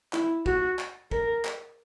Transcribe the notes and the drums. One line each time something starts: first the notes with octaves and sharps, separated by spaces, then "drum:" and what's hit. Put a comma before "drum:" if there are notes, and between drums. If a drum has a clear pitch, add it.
E4, drum: clap
F#4, drum: kick
drum: clap
A#4, drum: kick
drum: clap